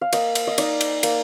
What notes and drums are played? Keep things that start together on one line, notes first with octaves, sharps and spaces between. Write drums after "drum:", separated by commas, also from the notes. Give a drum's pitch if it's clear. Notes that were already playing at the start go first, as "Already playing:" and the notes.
F5
A#3 D#5, drum: cymbal
drum: cymbal
D#5
D#4 D5, drum: cymbal
drum: cymbal
A#3, drum: cymbal